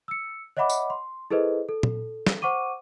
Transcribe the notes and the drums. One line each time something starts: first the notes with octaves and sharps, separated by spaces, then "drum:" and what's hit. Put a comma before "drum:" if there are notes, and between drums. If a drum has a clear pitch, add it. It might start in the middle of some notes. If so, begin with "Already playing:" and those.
E6 C#7
C#5 D#5 E5 F#5 B5 D6
drum: tambourine
C6
E4 G#4 A4 B4 C5 D#5
A4
drum: tom A#2
drum: snare
C5 F#5 C#6 D6 D#7